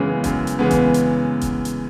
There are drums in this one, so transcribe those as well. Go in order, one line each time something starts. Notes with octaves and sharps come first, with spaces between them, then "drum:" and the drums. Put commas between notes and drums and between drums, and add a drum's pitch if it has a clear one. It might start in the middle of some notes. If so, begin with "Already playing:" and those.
Already playing: F#2 C#3 E3 G#3 B3
F#2, drum: kick E1, hi-hat
drum: hi-hat
C#3 E3 G#3 B3
drum: kick E1, hi-hat
drum: hi-hat
drum: kick E1, hi-hat
drum: hi-hat